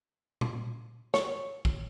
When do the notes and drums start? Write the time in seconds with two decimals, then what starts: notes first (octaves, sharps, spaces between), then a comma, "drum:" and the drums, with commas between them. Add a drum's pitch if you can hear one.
0.41 drum: tom A#2
1.14 C#5, drum: snare
1.65 drum: kick